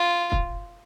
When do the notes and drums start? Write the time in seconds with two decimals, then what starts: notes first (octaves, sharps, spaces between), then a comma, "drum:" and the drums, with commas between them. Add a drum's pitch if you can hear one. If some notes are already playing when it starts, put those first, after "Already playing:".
Already playing: F4
0.32 drum: kick